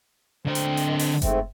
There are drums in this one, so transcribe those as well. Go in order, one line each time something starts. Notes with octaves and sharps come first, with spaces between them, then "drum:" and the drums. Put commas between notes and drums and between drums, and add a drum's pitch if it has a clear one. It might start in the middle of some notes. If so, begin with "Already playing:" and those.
D3 C4 D#5
drum: hi-hat
drum: hi-hat
drum: open hi-hat
G#2 A3 C4, drum: kick F#1, hi-hat